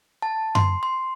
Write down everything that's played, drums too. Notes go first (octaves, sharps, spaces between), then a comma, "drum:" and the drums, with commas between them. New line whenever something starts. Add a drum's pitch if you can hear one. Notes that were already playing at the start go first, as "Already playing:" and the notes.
A5
C6, drum: tom F#2
C6